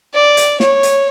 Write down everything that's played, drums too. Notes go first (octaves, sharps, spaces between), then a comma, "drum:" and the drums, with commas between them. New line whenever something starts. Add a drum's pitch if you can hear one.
D5
drum: hi-hat
C#5, drum: snare
drum: hi-hat